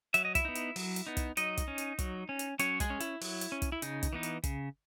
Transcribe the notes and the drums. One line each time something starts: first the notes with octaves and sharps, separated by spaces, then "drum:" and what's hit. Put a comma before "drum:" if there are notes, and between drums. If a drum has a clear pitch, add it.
F#3 E5, drum: hi-hat
D#5
E4 E5, drum: kick, hi-hat
B3 D#4
drum: hi-hat
F#3, drum: open hi-hat
drum: hi-hat
B3 D#4
drum: kick, hi-hat
F#3 D#4 D#5, drum: hi-hat
drum: kick, hi-hat
C#4
drum: hi-hat
F#3, drum: kick, hi-hat
C#4
drum: hi-hat
F#3 C#4 C#5, drum: hi-hat
G#3 G#4, drum: kick, hi-hat
C#4
E4, drum: hi-hat
F#3, drum: open hi-hat
drum: hi-hat
C#4
drum: kick, hi-hat
E4
C#3 D#4, drum: hi-hat
drum: kick, hi-hat
E3 B3 D#4
drum: hi-hat
C#3, drum: kick, hi-hat